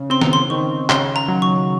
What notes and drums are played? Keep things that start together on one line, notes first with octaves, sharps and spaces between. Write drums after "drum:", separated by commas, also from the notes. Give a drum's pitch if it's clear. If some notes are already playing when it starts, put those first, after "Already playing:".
Already playing: C#3
C4 C6
A#5, drum: snare B3
C6
D#3 C#6
C#3 C6, drum: clap
A#5
F#3
C#6